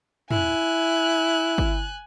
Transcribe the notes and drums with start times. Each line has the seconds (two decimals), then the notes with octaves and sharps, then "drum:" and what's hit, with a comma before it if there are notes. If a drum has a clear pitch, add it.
0.31 E4 G#5 F#6, drum: tom
1.58 drum: kick